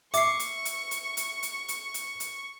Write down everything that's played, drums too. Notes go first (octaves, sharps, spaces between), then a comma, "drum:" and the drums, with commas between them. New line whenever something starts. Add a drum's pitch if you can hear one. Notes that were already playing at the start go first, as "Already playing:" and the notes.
E5 C#6 D6 C7, drum: hi-hat
drum: hi-hat
drum: hi-hat
drum: hi-hat
drum: hi-hat
drum: hi-hat
drum: hi-hat
drum: hi-hat
drum: hi-hat